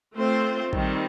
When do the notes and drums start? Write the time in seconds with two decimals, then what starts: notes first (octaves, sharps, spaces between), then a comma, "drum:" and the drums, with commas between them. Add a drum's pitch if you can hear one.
0.14 A3 C4 F4 C5
0.73 D#3 G3 C4, drum: kick